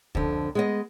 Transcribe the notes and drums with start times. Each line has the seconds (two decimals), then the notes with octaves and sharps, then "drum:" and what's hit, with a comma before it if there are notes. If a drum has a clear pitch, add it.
0.15 F2 D3, drum: kick C#2
0.55 G#3 B3 D#5